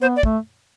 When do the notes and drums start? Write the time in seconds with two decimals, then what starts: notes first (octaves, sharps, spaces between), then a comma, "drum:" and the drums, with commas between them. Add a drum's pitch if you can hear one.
0.01 B3 C5
0.16 D5
0.23 A3, drum: kick